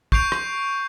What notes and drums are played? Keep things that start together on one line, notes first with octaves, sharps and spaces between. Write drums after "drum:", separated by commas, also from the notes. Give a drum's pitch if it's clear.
C#6 G6 C7 D7 F7, drum: kick
drum: rim click